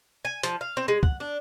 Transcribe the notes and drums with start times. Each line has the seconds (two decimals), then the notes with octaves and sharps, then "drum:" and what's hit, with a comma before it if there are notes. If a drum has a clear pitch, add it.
0.25 G#5
0.43 F3, drum: hi-hat
0.61 F5
0.77 C4
0.88 G#3
1.03 F#5, drum: kick
1.20 D4